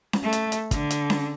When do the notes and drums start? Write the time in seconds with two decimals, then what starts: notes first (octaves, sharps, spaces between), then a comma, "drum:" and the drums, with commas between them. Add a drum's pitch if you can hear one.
0.13 drum: snare C#4
0.23 A3
0.33 drum: hi-hat
0.52 drum: hi-hat
0.71 D3, drum: kick, hi-hat
0.90 drum: hi-hat
1.10 drum: snare C#4